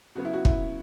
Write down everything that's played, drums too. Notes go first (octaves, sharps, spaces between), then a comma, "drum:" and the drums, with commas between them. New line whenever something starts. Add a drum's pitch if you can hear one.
C#3 F#3 B3 F#4
E4
F#4
E4, drum: kick